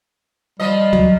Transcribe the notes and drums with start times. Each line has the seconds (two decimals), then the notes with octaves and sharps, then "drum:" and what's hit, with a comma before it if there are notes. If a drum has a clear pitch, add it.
0.60 F3 G3 D#5
0.93 F#3, drum: tom D2